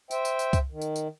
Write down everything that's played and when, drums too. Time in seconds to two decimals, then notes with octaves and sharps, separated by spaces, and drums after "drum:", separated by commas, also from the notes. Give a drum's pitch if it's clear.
0.11 C5 E5 G5, drum: tambourine
0.25 drum: tambourine
0.39 drum: tambourine
0.53 drum: kick C2, tambourine
0.71 D#3
0.82 drum: tambourine
0.96 drum: tambourine